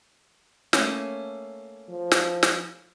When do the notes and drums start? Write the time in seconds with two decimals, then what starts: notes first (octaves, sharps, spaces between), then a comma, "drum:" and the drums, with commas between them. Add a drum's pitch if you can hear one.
0.73 A3 A#3 C#4, drum: snare
1.89 F3
2.11 drum: snare
2.43 drum: snare